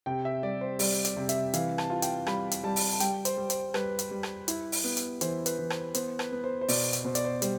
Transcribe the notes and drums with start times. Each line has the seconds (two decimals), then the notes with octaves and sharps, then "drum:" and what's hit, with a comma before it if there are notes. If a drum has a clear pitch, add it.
0.06 C3 G5
0.25 E5
0.43 G3 D5
0.61 C5
0.79 G3 D5, drum: open hi-hat
1.05 D5, drum: hi-hat
1.16 C3
1.29 E5, drum: hi-hat
1.54 E3 F5, drum: hi-hat
1.78 A5, drum: rim click
1.90 F4
2.02 G5, drum: hi-hat
2.26 G3 B5, drum: rim click
2.51 drum: hi-hat
2.64 G3 A5
2.76 drum: open hi-hat
2.93 A5
3.00 G3 G5, drum: hi-hat
3.25 C5, drum: hi-hat
3.37 G3
3.50 C5, drum: hi-hat
3.74 G3 B4, drum: rim click
3.99 drum: hi-hat
4.11 G3
4.23 drum: rim click
4.48 E4, drum: hi-hat
4.72 drum: open hi-hat
4.84 B3
4.97 drum: hi-hat
5.21 E3 C5, drum: hi-hat
5.46 B4, drum: hi-hat
5.59 E3
5.70 C5, drum: rim click
5.94 B3 C5, drum: hi-hat
6.19 B4, drum: rim click
6.32 B3
6.44 C5
6.61 C5
6.68 B2 D5, drum: open hi-hat
6.93 drum: hi-hat
7.05 B2 C5
7.15 D5, drum: hi-hat
7.24 C5
7.42 G3 C5, drum: hi-hat